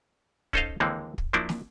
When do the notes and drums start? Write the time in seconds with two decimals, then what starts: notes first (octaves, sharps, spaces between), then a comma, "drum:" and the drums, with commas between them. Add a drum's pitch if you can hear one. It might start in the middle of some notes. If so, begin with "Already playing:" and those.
0.53 C#4 D#4 A4 C5 D#5 F5, drum: kick
0.80 D#2 D3 E3 G#3 A#3 C4
1.18 drum: kick
1.33 F3 F#3 A#3 D4 E4
1.49 drum: snare